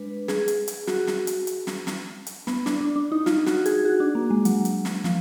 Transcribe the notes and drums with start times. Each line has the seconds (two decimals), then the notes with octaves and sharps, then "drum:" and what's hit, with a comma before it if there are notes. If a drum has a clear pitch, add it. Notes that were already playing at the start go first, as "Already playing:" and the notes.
Already playing: G#3 D4 B4
0.28 G#4, drum: snare
0.48 drum: hi-hat
0.68 drum: hi-hat
0.87 F#4, drum: snare
1.07 drum: snare
1.27 drum: hi-hat
1.47 drum: hi-hat
1.67 drum: snare
1.87 drum: snare
2.27 drum: hi-hat
2.47 B3, drum: snare
2.66 D4, drum: snare
2.81 D4
2.96 D4
3.12 D#4
3.26 F4, drum: snare
3.46 F#4, drum: snare
3.66 G#4, drum: hi-hat
3.85 F#4
4.00 D4
4.15 A#3
4.30 G#3
4.45 F#3, drum: hi-hat
4.65 drum: hi-hat
4.85 drum: snare
5.04 F3, drum: snare